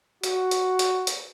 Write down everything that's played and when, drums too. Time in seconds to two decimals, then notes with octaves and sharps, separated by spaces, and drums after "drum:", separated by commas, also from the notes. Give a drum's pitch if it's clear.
0.24 F#4, drum: hi-hat
0.51 drum: hi-hat
0.79 drum: hi-hat
1.07 drum: hi-hat